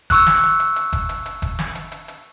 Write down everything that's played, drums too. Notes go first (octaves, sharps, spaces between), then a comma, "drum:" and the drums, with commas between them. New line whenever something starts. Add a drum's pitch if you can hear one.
C#6 E6 F#6, drum: kick F#1, hi-hat
drum: snare
drum: hi-hat
drum: hi-hat
drum: hi-hat
drum: kick F#1, hi-hat
drum: hi-hat
drum: hi-hat
drum: kick F#1, hi-hat
drum: snare
drum: hi-hat
drum: hi-hat
drum: hi-hat